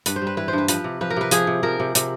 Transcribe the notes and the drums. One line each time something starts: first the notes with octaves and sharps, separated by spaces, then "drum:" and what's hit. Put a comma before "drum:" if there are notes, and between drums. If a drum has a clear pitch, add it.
G2 B4, drum: hi-hat
C5
G3
B4
E3 B4
C5
G2 B4
F3 B4, drum: hi-hat
C3
F3 B4
A#4
C3 B4
F3 G#4, drum: hi-hat
C3
F3 A#4
C3
C3, drum: hi-hat